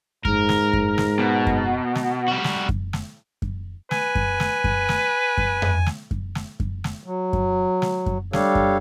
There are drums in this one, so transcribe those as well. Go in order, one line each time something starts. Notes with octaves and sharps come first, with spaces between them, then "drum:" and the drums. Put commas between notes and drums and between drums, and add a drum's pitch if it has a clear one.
G#2 A#4, drum: kick F#2
drum: snare
drum: kick F#2
drum: snare
B2
drum: kick F#2
drum: snare
G3 F#4
drum: snare
drum: kick F#2
drum: snare
drum: kick F#2
B4 G#5, drum: snare
drum: kick F#2
drum: snare
drum: kick F#2
drum: snare
drum: kick F#2
drum: tom F2
drum: snare
drum: kick F#2
drum: snare
drum: kick F#2
drum: snare
F#3
drum: kick F#2
drum: snare
drum: kick F#2
G3 D4 G4 A4 C#5 F5, drum: snare
drum: kick F#2